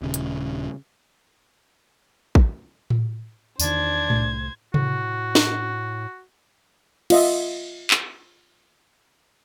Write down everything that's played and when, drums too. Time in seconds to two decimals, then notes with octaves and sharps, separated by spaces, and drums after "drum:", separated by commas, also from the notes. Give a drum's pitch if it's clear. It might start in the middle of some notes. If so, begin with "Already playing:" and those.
0.02 D#1 C#3
0.14 drum: hi-hat
2.35 drum: kick A1
2.90 drum: tom A2
3.60 E2 D#3 D4 C5 G#6, drum: tambourine
4.10 C2 A3, drum: tom A2
4.74 A2 F#4, drum: tom C3
5.35 drum: snare
7.10 F4 D#5 E5, drum: cymbal
7.91 drum: clap